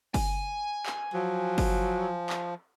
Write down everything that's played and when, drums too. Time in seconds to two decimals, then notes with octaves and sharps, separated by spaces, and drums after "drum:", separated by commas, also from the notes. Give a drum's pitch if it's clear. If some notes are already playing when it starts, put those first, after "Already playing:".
0.14 G#5, drum: kick G1, open hi-hat
0.86 drum: clap
1.13 F3 F#3
1.58 drum: kick G1, open hi-hat
2.30 drum: clap